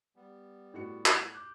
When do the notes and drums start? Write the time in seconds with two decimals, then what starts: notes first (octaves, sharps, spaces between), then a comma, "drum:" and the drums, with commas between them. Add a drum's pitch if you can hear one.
0.16 G3 B3
0.74 A2 F#4 C#7
1.06 drum: clap
1.34 D6 F#6 G6